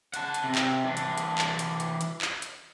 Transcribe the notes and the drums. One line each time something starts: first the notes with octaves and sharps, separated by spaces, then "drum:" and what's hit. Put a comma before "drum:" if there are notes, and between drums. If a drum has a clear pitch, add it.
F#5 A5, drum: hi-hat
drum: hi-hat
C3
drum: clap
E3 D4
drum: hi-hat
drum: hi-hat
drum: clap
drum: hi-hat
drum: hi-hat
drum: hi-hat
drum: clap
drum: hi-hat